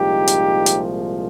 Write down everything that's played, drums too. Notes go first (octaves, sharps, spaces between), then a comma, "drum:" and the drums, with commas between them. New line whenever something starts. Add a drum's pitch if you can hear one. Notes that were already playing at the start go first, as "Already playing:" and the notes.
Already playing: C2 A#2 F3 G#3 D#4 G4
drum: hi-hat
drum: hi-hat